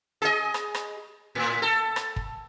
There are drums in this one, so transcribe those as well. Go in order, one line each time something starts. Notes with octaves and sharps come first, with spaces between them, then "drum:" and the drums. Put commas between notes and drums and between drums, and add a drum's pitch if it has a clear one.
G#4 D#5
drum: rim click
drum: rim click
A2
A4
drum: rim click
drum: kick